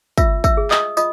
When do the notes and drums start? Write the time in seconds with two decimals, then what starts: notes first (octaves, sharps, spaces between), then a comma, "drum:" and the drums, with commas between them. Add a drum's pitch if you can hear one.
0.18 F4 E5 E6, drum: kick, tambourine
0.44 E5 E6, drum: kick, tambourine
0.57 G#4
0.71 D#5 D#6, drum: clap
0.97 F4 D#5 D#6, drum: tambourine